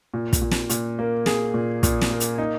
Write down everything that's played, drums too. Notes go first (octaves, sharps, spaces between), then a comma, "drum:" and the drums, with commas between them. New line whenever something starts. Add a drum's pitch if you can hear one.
A#2
drum: kick, hi-hat
A#2
drum: snare
A#2, drum: hi-hat
A#3
G#4, drum: snare
A#2
A#2, drum: kick, hi-hat
drum: snare
A#3
drum: hi-hat
D#4